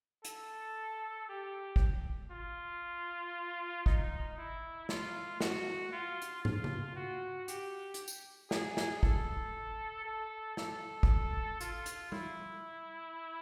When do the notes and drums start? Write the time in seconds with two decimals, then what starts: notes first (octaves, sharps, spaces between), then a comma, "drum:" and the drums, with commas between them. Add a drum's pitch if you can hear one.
0.25 A4, drum: hi-hat
1.29 G4
1.76 drum: kick
2.32 F4
3.86 D#4, drum: kick
4.38 E4
4.89 F4, drum: snare
5.41 F#4, drum: snare
5.92 F4
6.22 drum: hi-hat
6.45 F4, drum: tom
6.64 drum: tom C#3
6.96 F#4
7.48 G4, drum: hi-hat
7.94 drum: hi-hat
8.08 drum: tambourine
8.51 G#4, drum: snare
8.77 drum: snare
9.03 A4, drum: kick
10.05 A4
10.57 A4, drum: snare
11.03 drum: kick
11.61 F4, drum: hi-hat
11.86 drum: hi-hat
12.12 E4, drum: tom G3